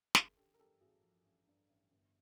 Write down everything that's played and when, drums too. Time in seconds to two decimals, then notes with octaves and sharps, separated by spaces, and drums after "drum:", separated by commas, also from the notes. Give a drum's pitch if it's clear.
0.15 A1 G#4 A#4, drum: snare
0.37 D3 G4 A4
0.54 A#4
0.59 G2 G4 A4
0.81 A1 F#4 G#4
1.03 F3
1.25 A1
1.47 G2
1.69 A1
1.91 G1